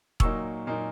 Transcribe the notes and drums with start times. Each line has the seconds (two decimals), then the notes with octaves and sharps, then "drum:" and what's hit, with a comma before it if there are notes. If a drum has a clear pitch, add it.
0.20 A#2 F#3 A#3 D#4 C#6 E6, drum: kick E1
0.67 A#2 F#3 A#3 D#4